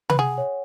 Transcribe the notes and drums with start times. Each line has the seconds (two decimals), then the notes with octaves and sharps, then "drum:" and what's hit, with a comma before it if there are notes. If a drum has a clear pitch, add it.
0.10 B4, drum: tom C3
0.19 G#4 F#5
0.38 C#5